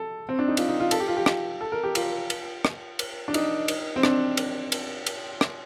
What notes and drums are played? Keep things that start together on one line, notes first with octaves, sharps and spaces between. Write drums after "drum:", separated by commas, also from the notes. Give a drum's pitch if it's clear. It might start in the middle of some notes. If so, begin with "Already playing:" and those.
Already playing: A4
C4
D4
D#4
F4, drum: cymbal
D#4
F4
A4, drum: cymbal
G4
F4
G4
drum: rim click
A4
A#4
G4
F4, drum: cymbal
drum: cymbal
drum: rim click
drum: cymbal
D4
D#4, drum: cymbal
drum: cymbal
C4
D4, drum: rim click
drum: cymbal
drum: cymbal
drum: cymbal
drum: rim click